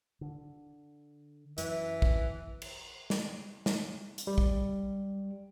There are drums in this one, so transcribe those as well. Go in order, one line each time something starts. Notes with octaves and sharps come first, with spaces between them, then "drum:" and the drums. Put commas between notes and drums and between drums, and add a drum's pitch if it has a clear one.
D3
F#2 E3, drum: hi-hat
drum: kick
drum: cymbal
drum: snare
drum: snare
drum: hi-hat
G3
drum: kick